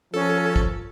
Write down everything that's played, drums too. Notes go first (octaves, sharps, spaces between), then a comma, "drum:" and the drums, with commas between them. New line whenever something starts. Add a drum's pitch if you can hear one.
F3 C#4 A4
drum: kick